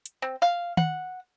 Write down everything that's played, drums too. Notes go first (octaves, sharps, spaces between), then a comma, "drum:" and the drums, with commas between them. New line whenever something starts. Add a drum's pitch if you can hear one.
drum: hi-hat
C4
F5
F#5, drum: tom D#3